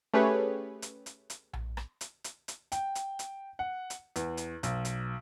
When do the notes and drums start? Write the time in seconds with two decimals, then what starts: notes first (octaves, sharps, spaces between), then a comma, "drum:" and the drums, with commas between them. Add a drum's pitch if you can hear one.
0.14 A3 C#4 G4 G#4 B4 C#5
0.82 drum: hi-hat
1.06 drum: hi-hat
1.30 drum: hi-hat
1.53 drum: tom A#1
1.77 drum: rim click
2.01 drum: hi-hat
2.24 drum: hi-hat
2.48 drum: hi-hat
2.72 G5, drum: hi-hat
2.95 drum: hi-hat
3.19 drum: hi-hat
3.59 F#5
3.90 drum: hi-hat
4.16 E2, drum: hi-hat
4.37 drum: hi-hat
4.63 B1, drum: hi-hat
4.85 drum: hi-hat